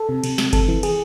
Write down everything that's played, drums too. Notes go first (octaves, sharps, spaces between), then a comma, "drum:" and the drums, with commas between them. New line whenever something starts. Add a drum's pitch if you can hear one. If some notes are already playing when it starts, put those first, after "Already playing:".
Already playing: A4
C3
C3, drum: cymbal
C3, drum: snare
C3 A4, drum: kick F#1, cymbal
E3
E3 G#4, drum: cymbal